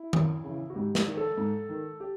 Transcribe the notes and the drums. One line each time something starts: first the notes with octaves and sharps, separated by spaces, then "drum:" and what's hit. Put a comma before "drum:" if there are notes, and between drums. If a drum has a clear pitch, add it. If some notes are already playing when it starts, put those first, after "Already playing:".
Already playing: E4
F#2, drum: tom D#3
C#3
E3
F#4
G#2 G4
drum: snare
D#3
A4
G#2
D#3
G4